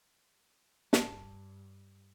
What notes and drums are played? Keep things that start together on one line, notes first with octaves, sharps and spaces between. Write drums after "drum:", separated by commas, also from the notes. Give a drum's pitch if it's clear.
G2 A5, drum: snare